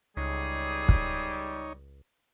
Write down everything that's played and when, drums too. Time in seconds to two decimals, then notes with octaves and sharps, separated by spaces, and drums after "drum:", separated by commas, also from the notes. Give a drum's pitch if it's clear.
0.17 C#2 G3 D#4 G#4 C#5
0.89 drum: kick